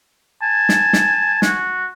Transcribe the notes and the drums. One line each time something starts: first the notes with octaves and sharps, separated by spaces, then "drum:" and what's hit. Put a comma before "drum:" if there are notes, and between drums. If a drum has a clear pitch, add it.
G#5 A5
drum: snare
drum: snare
F#4, drum: snare